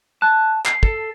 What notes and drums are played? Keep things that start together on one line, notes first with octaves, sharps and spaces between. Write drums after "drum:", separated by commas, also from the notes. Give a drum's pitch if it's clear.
A5 F#6
C7, drum: clap
A4, drum: kick